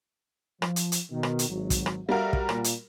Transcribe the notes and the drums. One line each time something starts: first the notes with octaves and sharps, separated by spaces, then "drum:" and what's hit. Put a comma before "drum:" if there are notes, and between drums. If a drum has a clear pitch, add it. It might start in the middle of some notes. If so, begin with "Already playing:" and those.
F3, drum: rim click
drum: hi-hat
drum: hi-hat
B2 D#3
drum: rim click
drum: hi-hat
G#1 F#3
drum: kick, hi-hat
drum: rim click
G3 F#4 A4 A#4 E5 F5
drum: kick
A#2, drum: rim click
drum: hi-hat